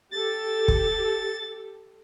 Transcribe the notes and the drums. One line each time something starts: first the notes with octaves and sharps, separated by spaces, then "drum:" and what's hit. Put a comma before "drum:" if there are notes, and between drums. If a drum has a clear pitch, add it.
G4 A4 A6
drum: kick